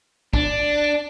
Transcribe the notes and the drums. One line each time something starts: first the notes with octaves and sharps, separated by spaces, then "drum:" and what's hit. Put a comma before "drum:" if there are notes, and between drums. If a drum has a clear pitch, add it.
D4, drum: kick